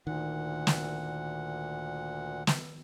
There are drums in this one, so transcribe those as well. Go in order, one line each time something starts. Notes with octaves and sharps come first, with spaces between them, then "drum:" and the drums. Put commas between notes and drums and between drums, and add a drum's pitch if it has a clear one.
D2 A#2 D#3 F#5
drum: snare
drum: snare